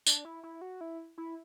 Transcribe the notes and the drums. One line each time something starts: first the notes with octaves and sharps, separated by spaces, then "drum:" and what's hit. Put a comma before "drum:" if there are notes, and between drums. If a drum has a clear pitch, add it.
D4, drum: tambourine
E4
E4
F#4
E4
E4